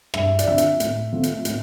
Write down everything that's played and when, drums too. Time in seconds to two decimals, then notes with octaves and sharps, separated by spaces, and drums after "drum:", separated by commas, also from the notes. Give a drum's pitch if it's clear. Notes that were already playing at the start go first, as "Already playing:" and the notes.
0.14 G2 E5, drum: rim click
0.39 D5, drum: hi-hat
0.46 D3 F3 C4 E5
0.58 drum: hi-hat
0.80 A2, drum: hi-hat
1.13 F3 A3 C4
1.23 drum: hi-hat
1.45 A2, drum: hi-hat